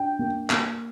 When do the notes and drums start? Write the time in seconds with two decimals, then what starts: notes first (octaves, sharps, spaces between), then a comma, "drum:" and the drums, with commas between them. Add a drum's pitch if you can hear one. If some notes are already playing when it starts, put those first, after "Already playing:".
Already playing: D4 G5
0.19 A#3
0.50 A#3, drum: clap